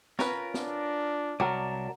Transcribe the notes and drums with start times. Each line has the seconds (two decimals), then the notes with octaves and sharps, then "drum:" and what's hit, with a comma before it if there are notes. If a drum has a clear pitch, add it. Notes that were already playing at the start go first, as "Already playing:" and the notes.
0.19 C#4 F4 A#4 B4 A#5, drum: snare
0.54 D4, drum: snare
1.40 C2 F#3 F#4 A#4 D5 A5 D6